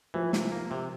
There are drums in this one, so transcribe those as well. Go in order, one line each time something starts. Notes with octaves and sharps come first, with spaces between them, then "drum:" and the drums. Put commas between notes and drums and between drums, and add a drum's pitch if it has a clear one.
E3 F3
C3, drum: snare
A#3
C3